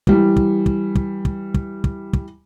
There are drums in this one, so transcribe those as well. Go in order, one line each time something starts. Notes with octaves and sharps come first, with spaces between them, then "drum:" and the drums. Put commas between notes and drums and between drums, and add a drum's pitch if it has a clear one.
E3 G3, drum: kick
drum: kick
drum: kick
drum: kick
drum: kick
drum: kick
drum: kick
drum: kick